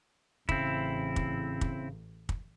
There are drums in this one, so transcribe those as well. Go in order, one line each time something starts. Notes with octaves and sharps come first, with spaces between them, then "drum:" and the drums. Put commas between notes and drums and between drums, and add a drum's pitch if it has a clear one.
A1 C#3 C4 E4, drum: kick
drum: kick
drum: kick
drum: kick